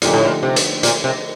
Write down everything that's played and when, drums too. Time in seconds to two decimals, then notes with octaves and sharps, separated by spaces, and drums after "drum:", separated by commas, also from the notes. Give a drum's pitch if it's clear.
0.02 A#2 D3 F3 A3 D#4 G4, drum: hi-hat
0.14 A2
0.25 A#2
0.43 C3
0.56 drum: hi-hat
0.83 A#2, drum: hi-hat
1.04 C3